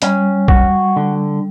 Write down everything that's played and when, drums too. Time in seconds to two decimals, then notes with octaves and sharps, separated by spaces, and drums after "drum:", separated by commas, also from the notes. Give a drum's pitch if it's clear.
0.02 G3 C#4, drum: hi-hat
0.48 F#4, drum: kick B1
0.96 D3